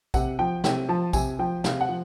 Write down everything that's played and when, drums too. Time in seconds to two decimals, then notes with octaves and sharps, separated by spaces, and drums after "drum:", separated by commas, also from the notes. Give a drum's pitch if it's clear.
0.14 C3 F#5, drum: kick A#1, tambourine
0.39 F3 G5
0.64 C3 G5, drum: snare
0.89 F3 A5
1.13 C3 G#5, drum: kick A#1, tambourine
1.39 F3 G5
1.64 C3 F5, drum: snare
1.81 F#5
1.89 F3